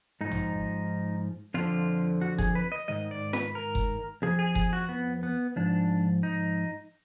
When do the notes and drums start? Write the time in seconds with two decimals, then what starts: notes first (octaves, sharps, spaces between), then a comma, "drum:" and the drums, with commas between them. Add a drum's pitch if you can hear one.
0.21 G#2 F3 D#4
0.31 drum: tom
1.54 F2 D3 F3 F4
2.21 F#4
2.38 G#4, drum: kick F#1
2.55 B4
2.72 D#5
2.88 G#2 D#3 D#5
3.11 D5
3.33 B4, drum: snare
3.55 A#4
3.75 drum: kick F#1
4.22 F2 F3 G#4
4.39 G#4
4.55 G#4, drum: kick F#1
4.73 F#4
4.89 B3
5.23 B3
5.56 G#2 F3 D4
6.23 D#4